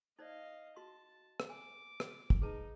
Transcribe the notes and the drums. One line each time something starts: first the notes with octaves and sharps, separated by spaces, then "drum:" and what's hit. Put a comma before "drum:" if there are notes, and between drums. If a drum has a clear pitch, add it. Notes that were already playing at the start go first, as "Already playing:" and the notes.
D#4 C5 D5 D#5 F5
F#4 A5 C6
drum: rim click
G#5 D6
drum: rim click
drum: kick
D#4 G#4 B4 A5